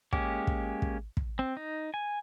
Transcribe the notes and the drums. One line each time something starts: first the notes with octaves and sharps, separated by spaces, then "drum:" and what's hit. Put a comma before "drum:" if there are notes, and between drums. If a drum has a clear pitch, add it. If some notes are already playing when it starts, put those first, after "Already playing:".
G#3 A#3 C#4 G4, drum: kick
drum: kick
drum: kick
drum: kick
C4
D#4
G#5